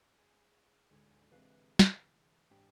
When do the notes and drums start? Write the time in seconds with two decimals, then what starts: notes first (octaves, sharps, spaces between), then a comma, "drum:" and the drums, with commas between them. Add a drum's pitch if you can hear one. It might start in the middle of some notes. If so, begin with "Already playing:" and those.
0.18 G#4
0.90 D2 G#2 A4 G#5
1.31 C3 E3 G#3 C4 B4 F5 F#6
1.79 drum: snare
2.51 G#2 D4 G4